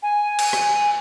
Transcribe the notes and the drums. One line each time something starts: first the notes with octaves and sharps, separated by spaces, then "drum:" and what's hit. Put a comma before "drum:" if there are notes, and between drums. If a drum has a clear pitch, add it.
G#5
drum: cymbal
drum: rim click